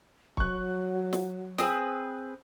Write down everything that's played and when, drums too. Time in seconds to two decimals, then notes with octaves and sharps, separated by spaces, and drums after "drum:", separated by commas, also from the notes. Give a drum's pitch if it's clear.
0.37 F#3 C#6 F#6, drum: kick C#1
1.13 drum: snare
1.58 C4 G#4 B4 D#6, drum: snare